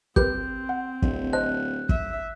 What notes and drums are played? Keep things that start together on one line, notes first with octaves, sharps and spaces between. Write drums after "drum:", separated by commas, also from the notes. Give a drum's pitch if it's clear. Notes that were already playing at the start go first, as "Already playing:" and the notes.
C4 G4 A#4 B4 G6, drum: kick
F#5
D1, drum: kick
C5 D#5 A5 F#6
E5, drum: kick